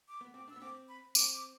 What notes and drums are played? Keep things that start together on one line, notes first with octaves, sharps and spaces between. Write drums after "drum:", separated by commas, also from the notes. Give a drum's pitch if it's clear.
D6
B3
C4 D6
D4 E6
B3
C4 D6
B5
C4 D6, drum: tambourine
D6